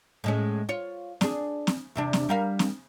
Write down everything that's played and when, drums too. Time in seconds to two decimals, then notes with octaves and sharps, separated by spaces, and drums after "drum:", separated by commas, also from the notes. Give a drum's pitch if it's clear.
0.24 A2 G#3 C#4
0.69 F4 C#5
1.21 D4 G#4, drum: snare C4
1.67 drum: snare C4
1.95 E2 C3 D4
2.13 drum: snare C4
2.29 G3 A#4 F5
2.59 drum: snare C4